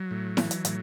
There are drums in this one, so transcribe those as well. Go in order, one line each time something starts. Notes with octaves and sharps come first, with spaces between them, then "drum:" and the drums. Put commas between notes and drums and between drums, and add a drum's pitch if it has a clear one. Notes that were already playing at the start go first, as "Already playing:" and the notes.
Already playing: F#3
A2
E3, drum: snare E4
drum: hi-hat
A2, drum: hi-hat